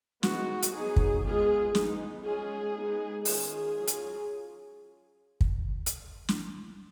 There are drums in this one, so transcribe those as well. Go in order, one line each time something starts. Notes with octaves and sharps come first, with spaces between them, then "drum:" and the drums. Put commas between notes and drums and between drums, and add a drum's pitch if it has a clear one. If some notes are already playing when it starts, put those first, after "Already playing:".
G#3 B3 D#4 F#4, drum: snare
drum: hi-hat
F#3 B3 D#4 G#4
drum: kick
G#3 B3 F4 G#4
G#3 B3 D#4, drum: snare
G#3 C#4 F4 G#4
G#3 B3 D#4
D#3 G#3 C#4 F4 G#4, drum: open hi-hat
F#3 C#4 F4
drum: hi-hat
drum: kick
drum: hi-hat
drum: snare